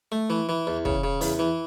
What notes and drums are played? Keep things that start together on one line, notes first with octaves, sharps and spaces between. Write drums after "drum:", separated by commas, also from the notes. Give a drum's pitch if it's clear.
A3
E3
E3
E2
C#3, drum: kick
C#3
E2, drum: open hi-hat
E3